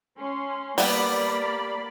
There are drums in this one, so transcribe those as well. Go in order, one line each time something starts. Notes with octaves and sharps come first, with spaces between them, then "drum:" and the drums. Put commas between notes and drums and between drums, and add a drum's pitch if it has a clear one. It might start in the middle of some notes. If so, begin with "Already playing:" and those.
C#4 C6
G3 A#3 B3 D5 B5, drum: open hi-hat